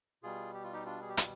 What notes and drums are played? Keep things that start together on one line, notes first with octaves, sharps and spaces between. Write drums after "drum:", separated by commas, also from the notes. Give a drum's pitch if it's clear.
B2 G3 F4 G#4
G4
F4
D#4 G4
D4 F4
G#4
G4
F4, drum: hi-hat